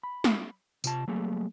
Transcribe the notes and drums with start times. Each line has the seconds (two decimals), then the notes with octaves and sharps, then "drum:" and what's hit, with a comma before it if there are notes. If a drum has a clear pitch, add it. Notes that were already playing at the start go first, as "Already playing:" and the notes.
0.03 B5
0.24 drum: snare
0.84 C3 F4 A5, drum: tambourine
1.08 F#3 G3 A3 A#3 G#4